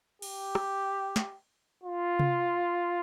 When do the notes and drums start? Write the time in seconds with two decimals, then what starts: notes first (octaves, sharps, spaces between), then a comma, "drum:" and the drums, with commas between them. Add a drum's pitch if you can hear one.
0.22 G4, drum: cymbal
0.55 drum: rim click
1.16 drum: snare
1.84 F4
2.19 drum: tom C3